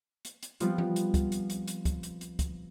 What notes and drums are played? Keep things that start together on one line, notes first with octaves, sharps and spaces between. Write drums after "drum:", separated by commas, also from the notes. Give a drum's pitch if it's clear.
drum: hi-hat
drum: hi-hat
F3 G3 B3 C4 F4, drum: hi-hat
drum: tom E3
drum: hi-hat
drum: kick, hi-hat
drum: hi-hat
drum: hi-hat
drum: hi-hat
drum: kick, hi-hat
drum: hi-hat
drum: hi-hat
drum: kick, hi-hat